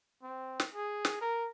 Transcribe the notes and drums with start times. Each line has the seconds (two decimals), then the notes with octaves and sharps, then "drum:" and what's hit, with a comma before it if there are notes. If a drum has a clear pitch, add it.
0.23 C4
0.60 drum: snare
0.75 G#4
1.05 drum: snare
1.21 A#4